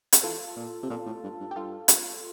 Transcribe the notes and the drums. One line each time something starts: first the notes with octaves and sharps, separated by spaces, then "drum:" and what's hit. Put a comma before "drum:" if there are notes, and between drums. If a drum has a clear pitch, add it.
drum: hi-hat
E3 F4 A4
A#2
C3
A#2
A2
G2
G2
G4
G2 F4 A4
drum: hi-hat